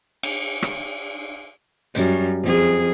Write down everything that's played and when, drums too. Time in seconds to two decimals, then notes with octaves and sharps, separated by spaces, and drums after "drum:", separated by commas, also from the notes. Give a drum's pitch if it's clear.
0.23 drum: cymbal
0.62 drum: rim click
1.95 F#2 G3, drum: hi-hat
2.42 F2 G#4